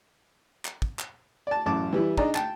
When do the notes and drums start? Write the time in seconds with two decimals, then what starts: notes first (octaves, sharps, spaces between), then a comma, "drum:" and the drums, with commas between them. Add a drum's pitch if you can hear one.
0.65 drum: clap
0.82 drum: kick
0.99 drum: clap
1.47 D5 A5
1.66 A1 F#2 A5 D6
1.93 E3 G3 E4
2.17 D4 D#4 G#4 D5 A#5, drum: kick
2.35 G5 A5, drum: clap